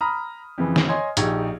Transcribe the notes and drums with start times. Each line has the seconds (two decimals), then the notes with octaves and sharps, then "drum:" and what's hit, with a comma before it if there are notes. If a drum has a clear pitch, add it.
0.01 A#5 B5 D#6 F6
0.58 F2 C#3 E3
0.76 drum: snare
0.89 C#5 D#5 G#5 C6 G#6
1.17 A#1 D#4 G4 G#4 C#6 G#6, drum: hi-hat